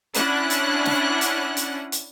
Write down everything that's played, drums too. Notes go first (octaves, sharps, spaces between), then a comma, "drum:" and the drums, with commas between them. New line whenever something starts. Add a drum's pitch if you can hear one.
C#4 D4 E4 F#5 F#6, drum: hi-hat
drum: hi-hat
drum: snare
drum: hi-hat
drum: hi-hat
drum: hi-hat